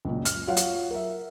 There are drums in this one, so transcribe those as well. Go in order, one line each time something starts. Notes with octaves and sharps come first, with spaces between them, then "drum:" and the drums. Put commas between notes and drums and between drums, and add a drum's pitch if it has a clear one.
C#2 F#2 A#2
F6, drum: hi-hat
F#3 F4 C#5 F5 F#5
drum: hi-hat
A#4 E5